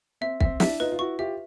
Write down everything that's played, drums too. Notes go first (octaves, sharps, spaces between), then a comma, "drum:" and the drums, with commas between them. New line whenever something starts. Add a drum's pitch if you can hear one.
C4 E5
C4 E5, drum: kick
D4 E4 E5, drum: snare
D#4 F4 B4
F4
E4 F#4 C#6
F4 G4 E5